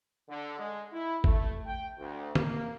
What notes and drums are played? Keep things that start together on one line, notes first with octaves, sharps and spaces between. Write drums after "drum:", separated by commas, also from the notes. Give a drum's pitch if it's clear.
D3
G#3
E4
A3, drum: kick G#1
G5
D2
A#3, drum: tom